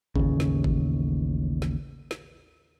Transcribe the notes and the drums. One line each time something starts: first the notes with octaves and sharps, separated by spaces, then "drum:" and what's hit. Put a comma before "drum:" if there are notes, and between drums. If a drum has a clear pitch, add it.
A1 D#2 C#3, drum: kick G#1
drum: snare
drum: kick G#1
drum: snare
drum: snare